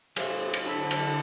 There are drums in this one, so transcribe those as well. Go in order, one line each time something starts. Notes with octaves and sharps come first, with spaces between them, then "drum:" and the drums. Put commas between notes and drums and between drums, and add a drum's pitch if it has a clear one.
F#3 G4 C5 E5 F5 G#5, drum: cymbal
drum: cymbal
D3 D4 A4 B5 E6 B6
drum: cymbal